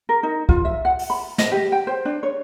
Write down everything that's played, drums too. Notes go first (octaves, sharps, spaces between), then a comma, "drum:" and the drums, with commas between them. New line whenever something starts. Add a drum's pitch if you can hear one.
A#4
D#4
F4, drum: kick
E5
F#5
drum: open hi-hat
B5
D#5, drum: snare
G4
G5
C5
D4
C#5